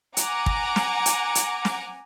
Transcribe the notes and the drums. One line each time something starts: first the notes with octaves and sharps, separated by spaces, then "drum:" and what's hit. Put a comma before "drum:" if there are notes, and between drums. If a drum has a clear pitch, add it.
F#5 G#5 A#5 D6, drum: hi-hat
drum: kick
drum: snare
drum: hi-hat
drum: hi-hat
drum: snare